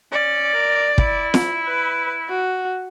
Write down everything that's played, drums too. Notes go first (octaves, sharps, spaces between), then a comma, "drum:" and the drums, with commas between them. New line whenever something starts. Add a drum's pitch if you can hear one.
C#4 D5
A#4
E4, drum: kick
drum: snare
B4
F#4